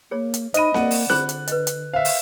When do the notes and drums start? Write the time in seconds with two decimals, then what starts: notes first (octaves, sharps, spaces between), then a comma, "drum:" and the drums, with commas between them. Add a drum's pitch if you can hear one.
0.11 A#3 G#4 C#5
0.34 drum: hi-hat
0.54 D#4 C5 D#5 E5 B5 D#7, drum: hi-hat
0.74 A#3 D5 F#5, drum: snare C4
0.91 drum: open hi-hat
1.10 D3 F4 G#4 C5 F#6, drum: snare C4
1.29 drum: hi-hat
1.47 B4 D#5, drum: hi-hat
1.67 drum: hi-hat
1.94 C5 E5 F5
2.05 drum: open hi-hat